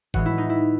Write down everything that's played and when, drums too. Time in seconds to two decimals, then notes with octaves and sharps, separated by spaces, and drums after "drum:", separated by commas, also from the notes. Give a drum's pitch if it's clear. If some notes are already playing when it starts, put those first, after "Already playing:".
0.14 A2 E3 G#3 F#4, drum: kick
0.26 E4
0.38 D#4
0.49 E4